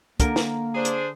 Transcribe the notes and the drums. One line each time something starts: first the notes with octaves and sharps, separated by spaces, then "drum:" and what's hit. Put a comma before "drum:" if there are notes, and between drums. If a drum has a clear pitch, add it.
D3 A#3 A#4, drum: kick, hi-hat
drum: snare
D4 G#4 C5
drum: hi-hat